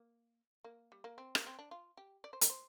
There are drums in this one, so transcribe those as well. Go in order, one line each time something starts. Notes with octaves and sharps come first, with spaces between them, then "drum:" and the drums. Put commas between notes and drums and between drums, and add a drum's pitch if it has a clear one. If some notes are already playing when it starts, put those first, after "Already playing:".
Already playing: A#3
A#3
G3
A#3
C4
A#3, drum: rim click
C4
D4
F4
G4
D5
C5
A#4, drum: hi-hat
C5